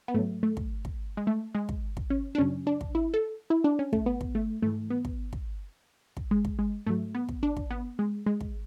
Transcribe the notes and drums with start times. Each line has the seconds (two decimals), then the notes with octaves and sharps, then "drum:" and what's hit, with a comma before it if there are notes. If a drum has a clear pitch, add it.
0.08 B3
0.15 G#2 F#3 A3
0.43 A3
0.57 drum: kick
0.85 drum: kick
1.17 G#3
1.27 A3
1.55 G#3
1.69 drum: kick
1.97 drum: kick
2.10 C#4
2.35 D4
2.38 F#2 C#3 F#3 C#4
2.67 D4
2.81 drum: kick
2.95 E4
3.14 A4
3.50 E4
3.64 D4
3.79 C#4
3.93 A3, drum: kick
4.06 B3
4.21 drum: kick
4.35 A3
4.62 G#2 E3 A3
4.90 B3
5.05 drum: kick
5.33 drum: kick
6.17 drum: kick
6.31 G#3
6.45 drum: kick
6.59 G#3
6.87 G#2 F#3 A3
7.15 B3
7.29 drum: kick
7.43 D4
7.57 drum: kick
7.70 B3
7.99 G#3
8.26 G#3
8.40 drum: kick